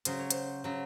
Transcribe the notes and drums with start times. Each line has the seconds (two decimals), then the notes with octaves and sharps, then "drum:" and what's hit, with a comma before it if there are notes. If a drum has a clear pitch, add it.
0.05 C#3 F#3 C5, drum: hi-hat
0.19 C#5
0.30 C5, drum: hi-hat
0.64 C#3 F#3